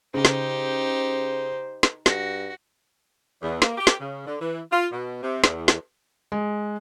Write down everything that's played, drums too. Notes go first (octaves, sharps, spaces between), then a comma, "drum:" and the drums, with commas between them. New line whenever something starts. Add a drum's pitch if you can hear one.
C#3 D#4 G4 C5
drum: snare
drum: snare
G2 F#4 A#6, drum: snare
E2
A#3, drum: snare
G4
drum: snare
C#3
D3
E3
F4
B2
C3
E2, drum: snare
drum: snare
G#3